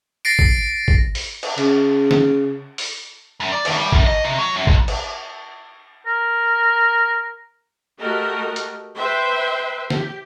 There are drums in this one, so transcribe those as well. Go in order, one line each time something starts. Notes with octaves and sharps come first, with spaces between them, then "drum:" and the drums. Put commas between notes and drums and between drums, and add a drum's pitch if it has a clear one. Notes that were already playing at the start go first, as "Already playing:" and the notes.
A6 A#6 C7 D7
drum: kick G#1
drum: kick G#1
drum: open hi-hat
drum: cymbal
C#3, drum: cymbal
drum: snare
drum: open hi-hat
F#2
D5
D#2, drum: cymbal
G3
F#2, drum: kick G#1
D#5
C3
F#3
F#2
B1, drum: kick G#1
drum: cymbal
A#4
A3 F#4 G4 A4 A#4 D#5
drum: hi-hat
B4 C5 E5 G5 C6
G4, drum: snare